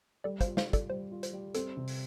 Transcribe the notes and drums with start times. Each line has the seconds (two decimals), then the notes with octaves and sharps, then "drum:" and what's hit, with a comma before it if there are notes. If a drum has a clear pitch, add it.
0.24 G3 A4 D5
0.41 C5 F5, drum: kick, hi-hat
0.46 F4
0.57 C5 F5, drum: snare
0.68 F4
0.73 A4 D5, drum: kick, hi-hat
0.90 G3 C5
1.12 F4
1.23 C5, drum: hi-hat
1.33 G3
1.55 C4 A4, drum: hi-hat
1.77 C3
1.88 drum: open hi-hat